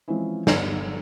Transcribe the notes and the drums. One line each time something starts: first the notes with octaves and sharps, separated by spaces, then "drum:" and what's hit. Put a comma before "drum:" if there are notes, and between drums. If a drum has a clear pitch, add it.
E3 F3 G#3 C4 C#4 E4
G1 B3 D5 A#5 E6 G#6, drum: snare